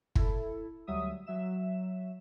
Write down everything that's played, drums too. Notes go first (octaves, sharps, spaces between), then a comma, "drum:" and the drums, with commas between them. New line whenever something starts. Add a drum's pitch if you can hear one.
E4 A4, drum: kick
D2 F#3 G3 E5 D#6
F#3 E5 E7